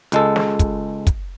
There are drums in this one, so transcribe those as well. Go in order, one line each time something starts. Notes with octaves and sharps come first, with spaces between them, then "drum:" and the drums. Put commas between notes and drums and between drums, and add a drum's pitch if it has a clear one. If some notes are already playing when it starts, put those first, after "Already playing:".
C#2 G#3 A4, drum: hi-hat
drum: snare
drum: kick, hi-hat
drum: kick, hi-hat